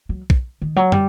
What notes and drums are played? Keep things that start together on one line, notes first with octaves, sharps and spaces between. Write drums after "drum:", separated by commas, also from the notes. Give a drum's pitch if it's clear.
F#3
drum: kick
D#3
F#3
G3, drum: tom